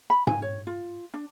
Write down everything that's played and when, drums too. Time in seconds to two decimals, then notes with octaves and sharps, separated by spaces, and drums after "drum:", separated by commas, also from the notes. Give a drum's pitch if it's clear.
0.10 B5
0.27 G#5, drum: tom G#2
0.42 C#5
0.67 F4
1.14 D4